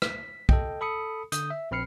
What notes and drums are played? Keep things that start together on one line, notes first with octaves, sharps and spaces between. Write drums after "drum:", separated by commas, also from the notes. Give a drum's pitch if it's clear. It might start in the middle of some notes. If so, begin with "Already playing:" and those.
B6, drum: rim click
A4 D#5 G5, drum: kick
A4 B5 D#6 C#7
D3 D#6 G6, drum: hi-hat
E5
A#1 C4 B5 F6 C7 C#7